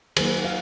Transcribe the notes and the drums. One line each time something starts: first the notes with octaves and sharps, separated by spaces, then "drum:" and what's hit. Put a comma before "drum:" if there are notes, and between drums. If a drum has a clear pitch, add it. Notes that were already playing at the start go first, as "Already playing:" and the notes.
D#3 F#3 A#3, drum: cymbal
F5